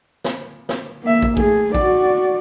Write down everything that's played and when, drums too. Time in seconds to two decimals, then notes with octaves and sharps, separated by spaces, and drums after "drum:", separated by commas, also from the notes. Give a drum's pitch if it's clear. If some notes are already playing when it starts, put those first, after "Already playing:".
0.24 drum: snare
0.69 drum: snare
1.03 A#3 E5
1.23 drum: kick
1.37 A3 G#4, drum: kick
1.75 F#4 D5, drum: kick